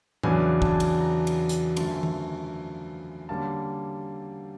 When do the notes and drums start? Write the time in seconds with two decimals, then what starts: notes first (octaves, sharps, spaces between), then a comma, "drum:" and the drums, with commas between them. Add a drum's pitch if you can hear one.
0.23 E2 C#3 F#3 B3 D4 G#5, drum: tom
0.62 A5, drum: kick
0.80 drum: cymbal
1.01 A#5
1.27 drum: cymbal
1.49 drum: hi-hat
1.77 F#2 D3 F3 A3 A5, drum: cymbal
2.03 drum: tom D#3
3.29 D3 G3 A#3 C#4 A5